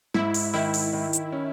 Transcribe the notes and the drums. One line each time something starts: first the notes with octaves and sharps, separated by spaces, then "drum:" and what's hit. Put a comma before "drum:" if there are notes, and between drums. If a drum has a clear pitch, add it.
G#2 E4
drum: open hi-hat
D#3 E4
drum: open hi-hat
D#3
drum: hi-hat
C#4